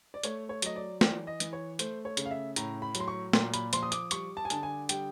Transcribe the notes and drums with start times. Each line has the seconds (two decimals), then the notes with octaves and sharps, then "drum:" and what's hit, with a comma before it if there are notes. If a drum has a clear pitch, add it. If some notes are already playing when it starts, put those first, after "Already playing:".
0.14 D5
0.23 A3 C#5, drum: hi-hat
0.49 C#5
0.62 F#3 D#5, drum: hi-hat
0.76 D5
1.01 E3 D5, drum: snare
1.27 D#5
1.40 E3, drum: hi-hat
1.53 C#5
1.79 A3 C5, drum: hi-hat
2.05 C#5
2.17 C#3, drum: hi-hat
2.25 F5
2.31 E5
2.56 A2 A#5, drum: hi-hat
2.82 B5
2.95 F#3, drum: hi-hat
3.00 C6
3.08 C#6
3.33 A#2 C6, drum: snare
3.54 B5, drum: hi-hat
3.73 F3 C6, drum: hi-hat
3.83 D#6
3.92 D6, drum: hi-hat
4.11 G3 C#6, drum: hi-hat
4.37 A5
4.45 G#5
4.50 D3 A5, drum: hi-hat
4.63 G#5
4.89 G3 G5, drum: hi-hat